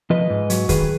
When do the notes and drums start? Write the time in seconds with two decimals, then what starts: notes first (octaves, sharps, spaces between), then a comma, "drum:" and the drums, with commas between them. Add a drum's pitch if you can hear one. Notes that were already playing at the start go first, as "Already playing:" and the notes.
0.10 F3 B4 D#5
0.30 G#2
0.50 F#3, drum: hi-hat
0.69 D#3 G#4 B4, drum: kick, hi-hat